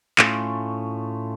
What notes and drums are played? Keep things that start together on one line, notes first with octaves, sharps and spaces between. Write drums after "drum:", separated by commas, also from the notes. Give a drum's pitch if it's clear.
A2 A3 C#4 F4, drum: clap